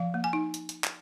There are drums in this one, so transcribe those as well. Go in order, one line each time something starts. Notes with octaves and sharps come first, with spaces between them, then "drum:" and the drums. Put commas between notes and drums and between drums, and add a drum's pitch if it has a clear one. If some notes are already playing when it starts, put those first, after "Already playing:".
Already playing: F3 F5
A#3
G#5
D#4
drum: hi-hat
drum: hi-hat
drum: clap